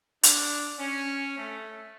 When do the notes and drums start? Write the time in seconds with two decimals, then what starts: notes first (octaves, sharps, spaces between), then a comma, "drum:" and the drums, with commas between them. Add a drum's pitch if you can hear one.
0.23 D4, drum: hi-hat
0.79 C#4
1.38 A3